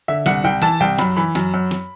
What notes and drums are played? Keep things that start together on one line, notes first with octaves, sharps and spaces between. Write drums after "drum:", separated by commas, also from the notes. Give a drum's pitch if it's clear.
D3 E5
C2 F#5, drum: snare
C2 G5
E3 A5, drum: snare
C2 G5
F#2 B5, drum: snare
E3 B5
F#2, drum: snare
F#2
drum: snare